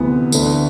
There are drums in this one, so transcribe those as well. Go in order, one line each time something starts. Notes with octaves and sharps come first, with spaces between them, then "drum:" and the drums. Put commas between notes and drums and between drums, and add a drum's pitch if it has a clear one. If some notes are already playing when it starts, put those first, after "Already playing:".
Already playing: D2 C3 E3 B3
D2 D3 A3, drum: tambourine